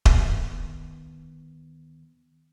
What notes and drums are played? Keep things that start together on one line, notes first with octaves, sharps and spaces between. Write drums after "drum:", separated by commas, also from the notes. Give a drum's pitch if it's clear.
D2 D#3 B3, drum: kick D#1